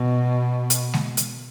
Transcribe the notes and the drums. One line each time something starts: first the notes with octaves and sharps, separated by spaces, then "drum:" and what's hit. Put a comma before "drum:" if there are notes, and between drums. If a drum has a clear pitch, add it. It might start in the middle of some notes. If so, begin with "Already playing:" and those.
Already playing: B2
drum: hi-hat
drum: snare G#3
drum: hi-hat